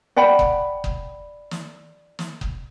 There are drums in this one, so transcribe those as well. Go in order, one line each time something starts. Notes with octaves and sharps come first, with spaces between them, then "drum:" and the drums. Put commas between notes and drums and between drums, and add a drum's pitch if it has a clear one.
D5 F#5 G5 B5
drum: kick F#1
drum: kick F#1
drum: snare
drum: snare
drum: kick F#1